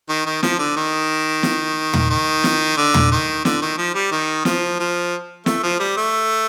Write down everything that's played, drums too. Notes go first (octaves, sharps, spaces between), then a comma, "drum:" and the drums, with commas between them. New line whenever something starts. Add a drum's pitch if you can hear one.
D#3
D#3
F3, drum: snare
D3
D#3
drum: snare
drum: tom
D#3
drum: snare
D3
drum: tom
D#3
D3, drum: snare
D#3
F3
G3
D#3
F3, drum: snare
F3
A3, drum: snare
F3
G3
A3